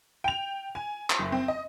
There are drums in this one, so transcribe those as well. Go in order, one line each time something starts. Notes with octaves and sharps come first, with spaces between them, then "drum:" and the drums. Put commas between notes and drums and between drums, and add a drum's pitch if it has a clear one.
G5 F7
G#5
drum: clap
F#1
C4
D#5